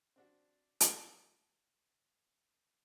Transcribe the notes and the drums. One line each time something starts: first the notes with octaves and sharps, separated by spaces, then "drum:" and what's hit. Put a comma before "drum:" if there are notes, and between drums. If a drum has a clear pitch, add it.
C4 D4 F#4
drum: hi-hat